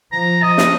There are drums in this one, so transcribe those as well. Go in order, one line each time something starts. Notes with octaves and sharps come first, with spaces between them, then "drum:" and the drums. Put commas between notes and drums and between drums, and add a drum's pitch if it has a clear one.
F3 A#5
D#5
drum: snare